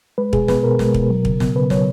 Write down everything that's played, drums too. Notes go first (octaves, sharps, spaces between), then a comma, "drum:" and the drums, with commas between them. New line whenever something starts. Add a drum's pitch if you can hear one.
G#3 B4
B2 G#4, drum: kick
B3 B4, drum: snare
B2 A#4
G#3, drum: snare
B2, drum: kick
F#3
C#3, drum: kick
B3, drum: snare
C#3 B4
F#3 C#5, drum: snare